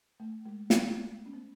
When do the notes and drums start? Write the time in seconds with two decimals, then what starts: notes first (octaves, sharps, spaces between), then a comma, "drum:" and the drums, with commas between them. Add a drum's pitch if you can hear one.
0.20 A3
0.45 G#3
0.70 G#3, drum: snare
0.90 A3
0.95 B3
1.26 C#4
1.33 B3